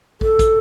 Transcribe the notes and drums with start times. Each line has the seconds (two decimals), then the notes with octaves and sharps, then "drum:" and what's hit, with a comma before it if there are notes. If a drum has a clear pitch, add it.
0.21 A4, drum: kick
0.39 drum: kick, hi-hat